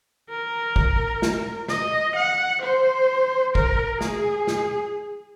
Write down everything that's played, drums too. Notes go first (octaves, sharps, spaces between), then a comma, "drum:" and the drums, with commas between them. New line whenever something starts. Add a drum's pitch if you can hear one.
A#4
drum: kick
drum: snare
D#5, drum: snare
F#5
C5
A#4, drum: kick
G#4, drum: snare
drum: snare